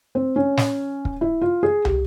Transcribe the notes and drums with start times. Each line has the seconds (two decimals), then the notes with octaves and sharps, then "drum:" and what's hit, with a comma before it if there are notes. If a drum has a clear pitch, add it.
0.15 C4
0.36 C#4
0.57 drum: snare
1.05 drum: kick
1.21 E4
1.41 F4
1.63 G#4
1.85 G4, drum: tom